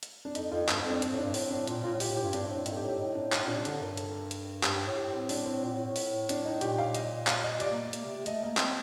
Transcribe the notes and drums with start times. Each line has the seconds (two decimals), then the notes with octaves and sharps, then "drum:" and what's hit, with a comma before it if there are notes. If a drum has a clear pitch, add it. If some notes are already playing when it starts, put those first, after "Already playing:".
0.03 drum: hi-hat
0.25 D4
0.35 F2 D#4, drum: hi-hat
0.52 F2 F4
0.69 G2 D#4, drum: clap
0.80 C4
0.85 F2
0.90 D4
1.02 C4, drum: hi-hat
1.12 A2
1.17 D4
1.23 G2
1.34 A2 C4, drum: open hi-hat
1.51 A2 D4
1.67 A#2, drum: hi-hat
1.84 A#2 F4
1.94 A2
2.00 A#2 G4, drum: open hi-hat
2.08 F4
2.11 A2
2.17 G4
2.22 G2
2.25 F4
2.33 G2 D4, drum: hi-hat
2.45 A2 C4
2.55 D4
2.66 G2 D#4, drum: hi-hat
2.72 A4
2.77 G4
2.83 A2
2.88 G4
2.99 A2 D#4
3.15 D4
3.32 A2 C4, drum: clap
3.46 A#2 D4
3.56 C3
3.65 D3 D4, drum: hi-hat
3.81 G2 A#4
3.97 A4, drum: hi-hat
4.31 drum: hi-hat
4.63 G2 G4, drum: clap
4.75 G2
4.87 A2
4.97 G4
5.13 C4
5.29 D4, drum: open hi-hat
5.46 C4
5.63 A#2
5.73 A2
5.85 A2
5.96 drum: open hi-hat
6.29 D4, drum: hi-hat
6.45 D#4
6.61 A#2 G4, drum: hi-hat
6.78 F5
6.95 D#5, drum: hi-hat
7.27 F5, drum: clap
7.44 D#5
7.60 C3 D5, drum: hi-hat
7.72 A#3
7.83 A#3
7.93 A#3, drum: hi-hat
8.04 C3
8.16 C3
8.26 A3 D#5, drum: hi-hat
8.43 A#3 D#5
8.57 C4, drum: clap